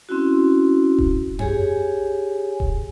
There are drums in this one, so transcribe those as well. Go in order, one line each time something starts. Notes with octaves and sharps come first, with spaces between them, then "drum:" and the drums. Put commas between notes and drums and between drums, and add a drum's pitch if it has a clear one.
C4 C#4 E4 F#4
drum: kick D#1
G4 G#4 C#5 G#5, drum: tom F2
drum: kick D#1